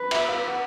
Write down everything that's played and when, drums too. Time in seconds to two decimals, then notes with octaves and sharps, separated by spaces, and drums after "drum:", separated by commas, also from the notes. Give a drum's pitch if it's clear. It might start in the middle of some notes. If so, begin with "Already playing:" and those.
Already playing: B4
0.11 E5, drum: cymbal
0.29 F5
0.48 F#5